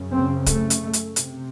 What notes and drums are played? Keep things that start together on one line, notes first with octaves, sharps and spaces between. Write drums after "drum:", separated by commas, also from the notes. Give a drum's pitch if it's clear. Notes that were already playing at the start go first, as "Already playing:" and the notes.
Already playing: F#2 C#3
C4
A3, drum: kick, hi-hat
drum: hi-hat
drum: hi-hat
C3, drum: hi-hat